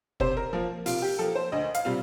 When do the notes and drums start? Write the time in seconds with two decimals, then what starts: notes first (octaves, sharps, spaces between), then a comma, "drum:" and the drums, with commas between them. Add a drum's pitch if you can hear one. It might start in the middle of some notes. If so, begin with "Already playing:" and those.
0.20 C3 C5, drum: kick
0.37 A#4
0.53 F3 A#3
0.86 C3 F4, drum: open hi-hat
1.02 G4
1.19 F3 A#3 A4
1.35 C5
1.52 D2 D#5
1.74 F5, drum: hi-hat
1.85 C3 G3 C4 F4